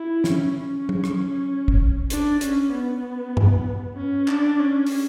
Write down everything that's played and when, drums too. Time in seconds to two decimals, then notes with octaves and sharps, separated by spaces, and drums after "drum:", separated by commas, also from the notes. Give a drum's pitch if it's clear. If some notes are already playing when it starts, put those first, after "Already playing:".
Already playing: E4
0.24 C#4, drum: snare
0.56 C#4
0.89 drum: tom
1.04 drum: rim click
1.68 drum: kick
2.10 D4, drum: hi-hat
2.41 C#4, drum: hi-hat
2.72 B3
3.37 drum: tom G2
3.97 C#4
4.28 D4, drum: clap
4.59 C#4
4.87 drum: open hi-hat